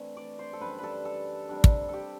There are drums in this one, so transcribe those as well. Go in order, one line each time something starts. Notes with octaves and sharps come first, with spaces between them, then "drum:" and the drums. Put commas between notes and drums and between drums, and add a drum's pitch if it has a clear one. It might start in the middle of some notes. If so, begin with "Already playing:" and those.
Already playing: E3 A3 C4 D4
D5
C5
A4
F#2 E3 G3 D4 B4
A4 B4
A4
C3 G3 D4
drum: kick
G4 A4